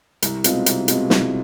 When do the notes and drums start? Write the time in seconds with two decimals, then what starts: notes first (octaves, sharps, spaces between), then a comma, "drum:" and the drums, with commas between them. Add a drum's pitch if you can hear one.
0.22 C2, drum: hi-hat
0.44 B2 G#3 C4 F4, drum: hi-hat
0.66 C2, drum: hi-hat
0.88 B2 G#3 C4 F4, drum: hi-hat
1.10 C2, drum: snare